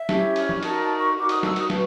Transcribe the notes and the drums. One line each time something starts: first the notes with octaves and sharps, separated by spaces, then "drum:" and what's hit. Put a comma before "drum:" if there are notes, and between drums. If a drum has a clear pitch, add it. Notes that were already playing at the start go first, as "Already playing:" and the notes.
Already playing: E5
C#4 E4 G4, drum: snare
drum: cymbal
drum: tom F3
D#4 F#4 A#4 A5, drum: cymbal
A5
C#6
D#4 F#4 A#4 D6
D#6, drum: cymbal
E6, drum: snare
D#6, drum: cymbal
F#4 B4, drum: snare